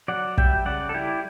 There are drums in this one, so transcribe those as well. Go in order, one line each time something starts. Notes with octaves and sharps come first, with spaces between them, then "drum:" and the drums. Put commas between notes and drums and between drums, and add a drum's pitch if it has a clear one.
F#3 D5 F#5
G3 E5 G5, drum: kick
C#3 D5 F#5
A4
G3 E4 G4